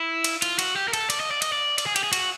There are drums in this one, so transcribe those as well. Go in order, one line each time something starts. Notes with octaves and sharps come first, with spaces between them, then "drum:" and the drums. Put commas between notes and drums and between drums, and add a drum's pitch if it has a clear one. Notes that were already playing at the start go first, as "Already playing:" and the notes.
Already playing: E4
drum: cymbal
F4, drum: cymbal
F#4, drum: cymbal
G4
A#4
A4, drum: cymbal
D5, drum: cymbal
D#5
D5
D#5, drum: cymbal
D5
D5, drum: cymbal
G#4
G4, drum: cymbal
G#4
F#4, drum: cymbal